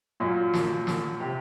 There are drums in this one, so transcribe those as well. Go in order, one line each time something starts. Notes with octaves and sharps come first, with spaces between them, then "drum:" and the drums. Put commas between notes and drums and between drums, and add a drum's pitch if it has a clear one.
F#2 A#2
drum: snare
drum: snare
C3